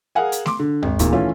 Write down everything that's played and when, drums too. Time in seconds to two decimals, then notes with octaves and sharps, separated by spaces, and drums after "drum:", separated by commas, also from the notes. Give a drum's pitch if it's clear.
0.15 G#4 A#4 F5 F#5 G#5
0.32 drum: hi-hat
0.46 C6 D6, drum: snare A3
0.59 D3
0.83 G#1, drum: tom D#2
0.99 E2 A#2 D#3 E3, drum: kick D2, hi-hat
1.12 D#3 E3 A3 C#4 F4